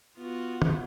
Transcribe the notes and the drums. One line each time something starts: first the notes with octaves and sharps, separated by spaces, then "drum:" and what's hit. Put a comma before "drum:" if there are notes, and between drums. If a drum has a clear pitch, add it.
B3 F4 F#4
drum: tom